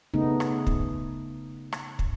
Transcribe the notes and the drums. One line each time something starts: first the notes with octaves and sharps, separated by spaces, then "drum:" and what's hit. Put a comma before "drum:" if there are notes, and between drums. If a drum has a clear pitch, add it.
C#3 A3 B3 D#4
drum: rim click
drum: kick
drum: rim click
drum: kick